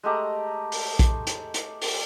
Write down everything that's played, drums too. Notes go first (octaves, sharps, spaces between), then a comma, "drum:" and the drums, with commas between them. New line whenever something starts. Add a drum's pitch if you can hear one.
G#3 A3 G4 A#5
drum: open hi-hat
drum: kick A#1, hi-hat
drum: hi-hat
drum: hi-hat
drum: open hi-hat